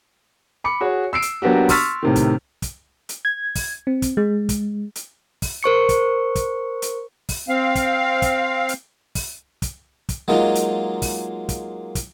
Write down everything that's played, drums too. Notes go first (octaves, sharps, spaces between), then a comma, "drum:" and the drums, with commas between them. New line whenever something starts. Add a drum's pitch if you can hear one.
B5 D6 C#7
F#4 G#4 C#5
E6 C7 D7
drum: hi-hat
F#3 A#3 B3 D4 F#4 G4
C6 C#6 E6 F6 A6 B6, drum: kick, open hi-hat
A2 C3 D#3
drum: kick, hi-hat
drum: kick, hi-hat
drum: hi-hat
G#6
drum: kick, open hi-hat
C4
drum: kick, hi-hat
G#3
drum: kick, hi-hat
drum: hi-hat
drum: kick, open hi-hat
A#4 C5 C#6 C#7
drum: kick, hi-hat
drum: kick, hi-hat
drum: hi-hat
drum: kick, open hi-hat
C4 F5
drum: kick, hi-hat
drum: kick, hi-hat
drum: hi-hat
drum: kick, open hi-hat
drum: kick, hi-hat
drum: kick, hi-hat
F#3 G#3 A#3 D#4 F4
drum: hi-hat
drum: kick, open hi-hat
drum: kick, hi-hat
drum: kick, hi-hat